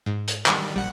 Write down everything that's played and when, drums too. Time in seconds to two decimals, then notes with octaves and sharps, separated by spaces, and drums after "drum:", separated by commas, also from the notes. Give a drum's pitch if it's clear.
0.06 G#2
0.28 drum: hi-hat
0.46 D#3 G3, drum: clap
0.76 A#1 G3 F#5